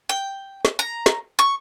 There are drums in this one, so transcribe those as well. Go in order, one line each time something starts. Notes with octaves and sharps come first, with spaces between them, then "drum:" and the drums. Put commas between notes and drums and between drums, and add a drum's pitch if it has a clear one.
G5
drum: snare
A#5
drum: snare
C#6